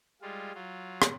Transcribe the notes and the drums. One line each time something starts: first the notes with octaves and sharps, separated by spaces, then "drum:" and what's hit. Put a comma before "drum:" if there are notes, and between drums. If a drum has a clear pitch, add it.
G3 G#3 F4
F#3 F4
drum: rim click